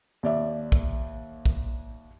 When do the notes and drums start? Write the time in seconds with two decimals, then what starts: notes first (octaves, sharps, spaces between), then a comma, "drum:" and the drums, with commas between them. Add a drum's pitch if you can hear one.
0.23 D#2 D5 E5
0.72 drum: kick
1.46 drum: kick